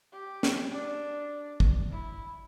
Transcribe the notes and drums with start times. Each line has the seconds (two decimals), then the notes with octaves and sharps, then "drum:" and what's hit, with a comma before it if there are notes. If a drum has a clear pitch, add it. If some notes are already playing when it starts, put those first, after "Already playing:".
0.13 G4
0.43 drum: snare
0.72 D4
1.60 drum: kick
1.91 E4